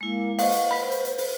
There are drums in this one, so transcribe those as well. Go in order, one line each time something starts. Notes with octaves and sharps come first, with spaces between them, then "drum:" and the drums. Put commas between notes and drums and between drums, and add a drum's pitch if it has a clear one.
G#3 A#3 E4
B4 C5 D#5 F5 F#5 C#6, drum: open hi-hat
drum: hi-hat
B4 B5 B6
drum: hi-hat
drum: hi-hat
drum: open hi-hat